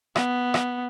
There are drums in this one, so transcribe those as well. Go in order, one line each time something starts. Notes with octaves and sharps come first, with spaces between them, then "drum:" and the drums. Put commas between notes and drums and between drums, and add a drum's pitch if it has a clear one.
B3, drum: rim click
drum: rim click